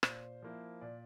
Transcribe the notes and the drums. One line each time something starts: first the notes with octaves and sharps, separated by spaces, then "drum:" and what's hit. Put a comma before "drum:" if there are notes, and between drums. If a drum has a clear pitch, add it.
A#2 C5, drum: rim click
F3 A#3 E4
A#2 D5